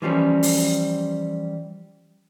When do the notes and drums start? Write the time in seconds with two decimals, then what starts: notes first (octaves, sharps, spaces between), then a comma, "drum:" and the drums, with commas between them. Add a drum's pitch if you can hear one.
0.02 E3 F3 G3 C#4
0.43 drum: open hi-hat